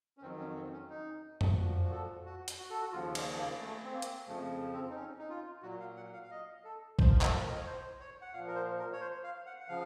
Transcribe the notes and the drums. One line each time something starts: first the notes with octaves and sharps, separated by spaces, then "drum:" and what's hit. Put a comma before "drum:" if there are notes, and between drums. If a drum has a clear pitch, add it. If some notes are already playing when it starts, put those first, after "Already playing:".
C#4
F2 D#3 F#3 C4
C#4
C4
C#4
D#4
drum: tom F2
A#2 F3 F#4
F#4
A4
F#4
drum: hi-hat
F#4
A4
F#4
D#2 C#3 F3 F4
A#3, drum: cymbal
A#3
A3
C4
A#3
drum: hi-hat
F2 C#3 F3 A3
C4
D#4
C#4
D#4
F4
A#2 F#3 F#4
F5
F#5
F5
F5
D#5
A4
A2 F3 C5, drum: kick A#1
A#4
A4, drum: clap
A#4
D#5
C#5
C5
C#5
F#5
A#2 F3 F5
A#4
C5
A#4
C#5
C5
F5
F#5
F#5
C#3 F3 F5